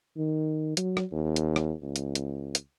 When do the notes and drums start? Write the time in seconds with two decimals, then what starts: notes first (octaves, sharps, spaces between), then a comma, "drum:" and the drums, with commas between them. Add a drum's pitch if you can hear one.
0.17 D#3
0.77 F#3, drum: hi-hat
0.97 drum: rim click
1.12 D#2
1.36 drum: hi-hat
1.56 drum: rim click
1.82 C#2
1.96 drum: hi-hat
2.15 drum: hi-hat
2.55 drum: hi-hat